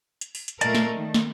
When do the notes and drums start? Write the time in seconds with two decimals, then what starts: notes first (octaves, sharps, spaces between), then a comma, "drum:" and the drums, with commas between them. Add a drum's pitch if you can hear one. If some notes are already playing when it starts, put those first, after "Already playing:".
0.21 drum: hi-hat
0.35 drum: open hi-hat
0.48 drum: hi-hat
0.61 A#2 A3 A#4 D5 D#5 A5, drum: hi-hat
0.75 drum: snare
0.96 D#3
1.14 drum: snare